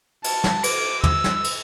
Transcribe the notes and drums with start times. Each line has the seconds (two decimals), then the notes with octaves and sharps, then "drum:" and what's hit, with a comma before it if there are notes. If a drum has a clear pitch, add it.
0.24 A5, drum: cymbal
0.44 drum: snare
0.64 D6, drum: cymbal
1.04 E6, drum: tom
1.24 drum: snare
1.44 drum: cymbal